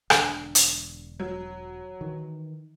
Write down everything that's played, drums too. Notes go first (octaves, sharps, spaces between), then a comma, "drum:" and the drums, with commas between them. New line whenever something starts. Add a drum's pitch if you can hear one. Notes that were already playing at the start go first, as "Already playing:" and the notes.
E1 D3 D4, drum: rim click
drum: hi-hat
F#3
D#3 E3